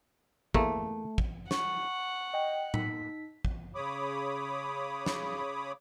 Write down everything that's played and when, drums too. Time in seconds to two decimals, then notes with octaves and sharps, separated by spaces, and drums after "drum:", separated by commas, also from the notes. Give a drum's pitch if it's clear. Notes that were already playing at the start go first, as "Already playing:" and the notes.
0.54 E2 A3 A#3, drum: kick
1.18 drum: kick
1.51 F#5 C#6, drum: snare
2.33 D#5 G5
2.74 D#4 B6, drum: tom A2
3.45 drum: kick
3.75 C#3 C#5 B5 D6 D#6
5.06 drum: snare